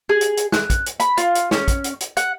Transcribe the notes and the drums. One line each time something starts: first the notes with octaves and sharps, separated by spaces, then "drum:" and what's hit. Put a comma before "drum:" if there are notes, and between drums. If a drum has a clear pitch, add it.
G#4
drum: hi-hat
drum: hi-hat
F#6, drum: snare
drum: kick, hi-hat
drum: hi-hat
B5, drum: hi-hat
F4, drum: hi-hat
drum: hi-hat
C#4, drum: snare
drum: kick, hi-hat
drum: hi-hat
drum: hi-hat
F#5, drum: hi-hat